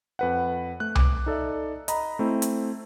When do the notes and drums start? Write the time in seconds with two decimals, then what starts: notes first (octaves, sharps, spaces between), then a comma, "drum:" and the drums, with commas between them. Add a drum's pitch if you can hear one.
0.19 F2 B4 F#5
0.80 A3 F#6
0.95 D6, drum: tom C2
1.26 D#4 A4 D5 E5
1.88 D#5 A#5 B5, drum: hi-hat
2.19 A3 C4 E4
2.42 drum: hi-hat